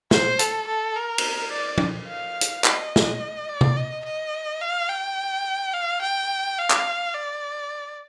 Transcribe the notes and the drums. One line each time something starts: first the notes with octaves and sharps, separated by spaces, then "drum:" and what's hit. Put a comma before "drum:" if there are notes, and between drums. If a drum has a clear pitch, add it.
C5, drum: snare
A4, drum: hi-hat
A4
A#4
drum: cymbal
D5
drum: tom
F5
drum: hi-hat
D#5, drum: clap
drum: snare
D5
drum: tom C3
D#5
D#5
F5
G5
F5
G5
F5
drum: clap
D5